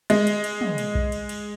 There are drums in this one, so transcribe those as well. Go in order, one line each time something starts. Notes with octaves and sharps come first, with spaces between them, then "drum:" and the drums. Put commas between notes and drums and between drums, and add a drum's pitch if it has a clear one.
G#3, drum: cymbal
drum: cymbal
drum: cymbal
drum: tom
drum: cymbal
drum: kick B1
drum: cymbal
drum: cymbal